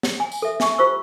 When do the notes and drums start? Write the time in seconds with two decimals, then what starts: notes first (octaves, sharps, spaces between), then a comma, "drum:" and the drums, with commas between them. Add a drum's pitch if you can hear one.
0.03 drum: snare
0.20 G#5
0.32 drum: tambourine
0.42 A4 E5
0.60 E5 G#5 A5 C#6, drum: snare
0.78 F4 G4 C5 C#6 E6